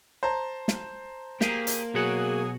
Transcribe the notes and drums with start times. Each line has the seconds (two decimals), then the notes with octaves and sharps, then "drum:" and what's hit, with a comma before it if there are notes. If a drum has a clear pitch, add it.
0.23 C5 A5 A#5
0.68 drum: snare
1.41 A#3 G4 G#4, drum: snare
1.67 drum: hi-hat
1.94 B2 F#3 F#4 G#4 F#5